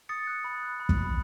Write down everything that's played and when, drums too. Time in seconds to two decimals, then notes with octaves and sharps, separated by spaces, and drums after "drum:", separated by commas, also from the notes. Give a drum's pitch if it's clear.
0.09 D#6 A6 C#7
0.27 F#6
0.44 B5
0.63 F#6
0.80 B5
0.89 drum: kick
0.98 B5